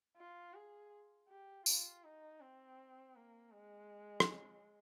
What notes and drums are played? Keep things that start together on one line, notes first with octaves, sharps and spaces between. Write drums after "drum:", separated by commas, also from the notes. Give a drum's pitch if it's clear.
F4
G#4
G4
F4, drum: tambourine
D#4
C4
A#3
G#3
drum: rim click